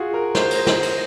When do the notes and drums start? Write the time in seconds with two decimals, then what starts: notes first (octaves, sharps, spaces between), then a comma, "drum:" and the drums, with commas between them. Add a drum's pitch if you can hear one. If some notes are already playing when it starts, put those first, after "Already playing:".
Already playing: F4 F#4 G#4
0.13 A#4
0.35 C5, drum: snare
0.51 drum: cymbal
0.67 drum: snare
0.83 drum: cymbal